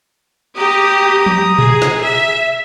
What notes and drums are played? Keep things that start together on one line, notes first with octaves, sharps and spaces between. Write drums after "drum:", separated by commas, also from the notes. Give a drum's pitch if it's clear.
G4 A#5 D#6
drum: tom F3
G#4, drum: tom A#2
drum: snare
E5